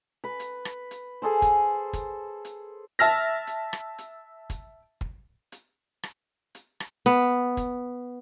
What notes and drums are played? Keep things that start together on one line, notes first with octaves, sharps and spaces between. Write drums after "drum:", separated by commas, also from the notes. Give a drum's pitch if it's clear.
B4
drum: hi-hat
drum: rim click
drum: hi-hat
G#4 A4 C5
drum: kick, hi-hat
drum: kick, hi-hat
drum: hi-hat
E5 A5 F6 A#6
drum: hi-hat
drum: rim click
drum: hi-hat
drum: kick, hi-hat
drum: kick
drum: hi-hat
drum: rim click
drum: hi-hat
drum: rim click
B3, drum: hi-hat
drum: kick, hi-hat